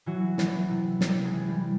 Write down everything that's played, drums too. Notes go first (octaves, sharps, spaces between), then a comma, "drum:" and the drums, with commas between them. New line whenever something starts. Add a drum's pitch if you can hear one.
E3 F#3 F#4
E3, drum: snare
C3
C3, drum: snare
G#3 G#4
E3
G3 G4